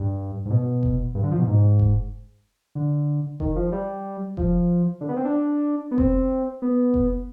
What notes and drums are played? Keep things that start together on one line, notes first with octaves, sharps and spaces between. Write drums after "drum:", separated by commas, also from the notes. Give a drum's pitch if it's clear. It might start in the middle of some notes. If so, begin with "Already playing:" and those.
Already playing: G2
G#2
B2
drum: kick F1
G2
D3
F3
B2
G#2
drum: kick F1
D3
D#3, drum: kick F1
F3
G3
F3, drum: kick F1
D3
B3
C4
D4
B3
C4, drum: kick F1
B3
drum: kick F1